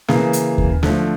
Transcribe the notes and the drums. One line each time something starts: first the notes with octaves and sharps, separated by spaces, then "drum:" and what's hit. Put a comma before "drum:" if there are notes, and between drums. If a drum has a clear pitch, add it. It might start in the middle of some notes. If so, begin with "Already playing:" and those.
C#3 E3 A#3, drum: snare
drum: hi-hat
drum: kick D#2
D3 F3 A3, drum: snare